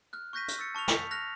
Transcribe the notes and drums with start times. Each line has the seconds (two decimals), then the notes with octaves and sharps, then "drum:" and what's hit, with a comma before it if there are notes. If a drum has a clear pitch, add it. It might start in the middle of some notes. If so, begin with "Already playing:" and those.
0.13 F6 F#6
0.33 C#6 F#6 G6 A#6 B6 D#7
0.48 drum: hi-hat
0.59 E6 A6 C#7
0.75 A5 C#6 F6 F7
0.88 B6, drum: snare
1.11 F6 F#6 A#6 F7